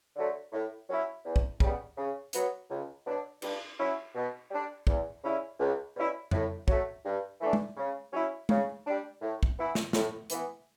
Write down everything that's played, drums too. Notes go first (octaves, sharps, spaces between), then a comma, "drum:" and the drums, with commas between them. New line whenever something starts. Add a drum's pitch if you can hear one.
D3 F#3 A3
A2
F#3 C#4 E4
E2
drum: kick
C#3 G3 B3, drum: kick
C#3
F#3 B3, drum: hi-hat
C#2
B2 F#3 B3 D4
G2, drum: cymbal
F#3 C#4 E4
B2
G3 D4
E2, drum: kick
C#3 G3 C#4 E4
C#2
B2 G3 C#4 E4
A2, drum: tom F2
F#3 A3, drum: kick
G2
E3 A3 D4
drum: tom G#3
C#3
F#3 C#4 E4
C#3, drum: tom G#3
G3 D4
A2
drum: kick
E3 B3 E4
drum: snare
A2, drum: snare
E3 B3, drum: hi-hat